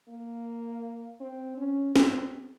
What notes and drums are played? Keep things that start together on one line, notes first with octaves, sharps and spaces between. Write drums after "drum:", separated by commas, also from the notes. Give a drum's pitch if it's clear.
A#3
C4
C#4
C4, drum: snare